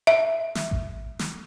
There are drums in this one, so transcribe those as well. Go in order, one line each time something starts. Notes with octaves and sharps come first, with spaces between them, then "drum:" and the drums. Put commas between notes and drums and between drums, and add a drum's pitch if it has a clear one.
E5
drum: snare
drum: kick A1
drum: snare